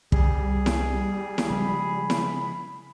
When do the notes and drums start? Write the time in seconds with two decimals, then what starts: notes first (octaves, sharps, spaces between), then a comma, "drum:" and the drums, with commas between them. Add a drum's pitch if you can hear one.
0.12 C2 G3 G#4, drum: kick
0.66 drum: snare E4
1.38 drum: snare E4
1.50 C#3 F3 G#3 B5
2.10 drum: snare E4